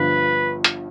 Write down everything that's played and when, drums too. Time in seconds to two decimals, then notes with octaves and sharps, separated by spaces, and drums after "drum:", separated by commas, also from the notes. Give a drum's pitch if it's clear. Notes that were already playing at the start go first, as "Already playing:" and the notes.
Already playing: G1 G2 F3 B4
0.64 drum: hi-hat